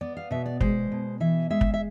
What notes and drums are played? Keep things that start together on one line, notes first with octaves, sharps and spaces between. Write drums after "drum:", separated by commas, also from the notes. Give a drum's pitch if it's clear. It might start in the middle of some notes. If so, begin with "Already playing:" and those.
B3 D5
F5
B2 E5
D5
G#3 C5, drum: kick
B2
E3 E5
G#3 E5
drum: kick
E5